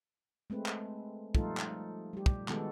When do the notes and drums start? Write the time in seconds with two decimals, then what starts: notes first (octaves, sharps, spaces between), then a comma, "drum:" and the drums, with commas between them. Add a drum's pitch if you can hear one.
0.50 G#3 A3 C4 B4
0.66 drum: clap
1.35 F3 G3 A3 D#4 F4 A4, drum: kick
1.57 drum: clap
2.13 G3 G4
2.26 drum: kick
2.48 D#3 G#3 B3 F#4 A4, drum: clap